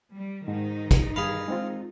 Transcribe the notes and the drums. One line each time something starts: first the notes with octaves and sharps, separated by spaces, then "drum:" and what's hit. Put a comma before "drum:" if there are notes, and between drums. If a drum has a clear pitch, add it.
G3
G#2 D#3 D#4
drum: kick, hi-hat
G2 G#4 F5 B5
G#3 C4 F4